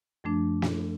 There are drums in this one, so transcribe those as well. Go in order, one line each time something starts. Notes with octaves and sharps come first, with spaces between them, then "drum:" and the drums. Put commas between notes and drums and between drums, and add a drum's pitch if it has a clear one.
F#2 F3 A3 D4
drum: snare